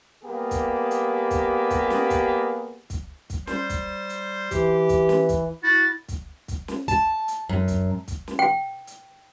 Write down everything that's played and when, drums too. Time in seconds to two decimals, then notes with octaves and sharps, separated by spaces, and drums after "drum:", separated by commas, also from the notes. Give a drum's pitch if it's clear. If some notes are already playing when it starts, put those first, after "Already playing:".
0.23 G3 A#3 B3 G4 G#4
0.51 drum: kick, hi-hat
0.91 drum: hi-hat
1.31 drum: kick, hi-hat
1.70 drum: kick, hi-hat
1.90 drum: snare
2.10 drum: kick, hi-hat
2.90 drum: kick, hi-hat
3.30 drum: kick, hi-hat
3.47 G3 C5, drum: snare
3.70 drum: kick, hi-hat
4.09 drum: hi-hat
4.51 E3 G4, drum: kick, hi-hat
4.89 drum: kick, hi-hat
5.09 drum: snare
5.29 drum: kick, hi-hat
5.63 E4 F#4 A6
6.08 drum: kick, hi-hat
6.48 drum: kick, hi-hat
6.68 drum: snare
6.88 A5, drum: kick, hi-hat
7.28 drum: hi-hat
7.49 F#2
7.68 drum: kick, hi-hat
8.08 drum: kick, hi-hat
8.28 drum: snare
8.39 G5
8.87 drum: hi-hat